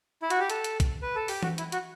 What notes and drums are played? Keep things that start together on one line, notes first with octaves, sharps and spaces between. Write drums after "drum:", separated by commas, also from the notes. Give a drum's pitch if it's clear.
E4
F#4, drum: hi-hat
G4
A4, drum: hi-hat
drum: hi-hat
drum: kick B1, hi-hat
B4
A4
G4, drum: open hi-hat
F#4, drum: tom E3
E4, drum: hi-hat
F#4, drum: hi-hat